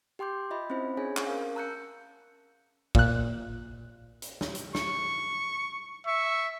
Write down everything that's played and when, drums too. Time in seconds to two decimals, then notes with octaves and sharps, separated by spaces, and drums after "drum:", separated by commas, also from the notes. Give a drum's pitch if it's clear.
0.19 G4 G5 C6 D6 G6
0.50 F4 D#5 E5 B5
0.70 C4 C#4 E4 C5 B5
0.97 C#4 D4 G#4 C#5 G#5
1.17 drum: clap
1.27 C#4 A#4 F5
1.55 A5 A#5 E6 F#6 G6 C#7
2.95 A#2 F#6, drum: kick
4.22 drum: hi-hat
4.41 drum: snare
4.55 drum: hi-hat
4.75 C#6, drum: snare
6.07 E5 C#6